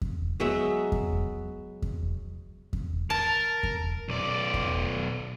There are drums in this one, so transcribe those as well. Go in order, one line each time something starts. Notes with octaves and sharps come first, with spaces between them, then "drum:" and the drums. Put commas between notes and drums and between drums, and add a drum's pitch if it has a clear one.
drum: kick E2
F#3 G#3 B3 E5
drum: kick E2
drum: kick E2
drum: kick E2
A#4 A5
drum: kick E2
B1 D5
drum: kick E2